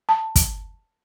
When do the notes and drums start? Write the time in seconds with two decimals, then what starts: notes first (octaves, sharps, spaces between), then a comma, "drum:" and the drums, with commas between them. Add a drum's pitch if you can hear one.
0.09 A5
0.36 drum: kick, hi-hat